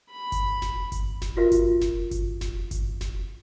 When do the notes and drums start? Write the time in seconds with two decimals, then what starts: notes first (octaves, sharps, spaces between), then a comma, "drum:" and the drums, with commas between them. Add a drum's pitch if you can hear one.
0.10 B5
0.32 drum: kick G1, hi-hat
0.62 drum: snare F1
0.92 drum: kick G1, hi-hat
1.22 drum: snare F1
1.37 F4 F#4 A#4 E5
1.52 drum: kick G1, hi-hat
1.81 drum: snare F1
2.11 drum: kick G1, hi-hat
2.41 drum: snare F1
2.71 drum: kick G1, hi-hat
3.01 drum: snare F1